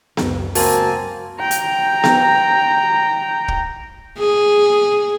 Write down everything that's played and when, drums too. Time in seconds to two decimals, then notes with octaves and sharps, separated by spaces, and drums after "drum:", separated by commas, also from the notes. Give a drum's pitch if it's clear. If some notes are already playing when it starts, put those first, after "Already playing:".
0.17 C#2 F#2, drum: snare B3
0.55 A#3 C4 F#4 A#4 G#5 A5, drum: open hi-hat
1.40 G5 A#5
1.51 drum: hi-hat
2.04 drum: snare B3
3.48 drum: kick
4.19 G#4